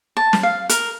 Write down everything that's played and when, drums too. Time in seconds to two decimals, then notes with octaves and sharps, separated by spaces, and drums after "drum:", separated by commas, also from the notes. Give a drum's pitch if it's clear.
0.17 A5
0.33 drum: snare
0.43 F5
0.69 A#4, drum: hi-hat